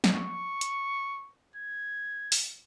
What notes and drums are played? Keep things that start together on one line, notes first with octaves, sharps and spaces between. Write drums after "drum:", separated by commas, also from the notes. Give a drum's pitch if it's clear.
drum: snare
C#6
drum: hi-hat
G#6
drum: open hi-hat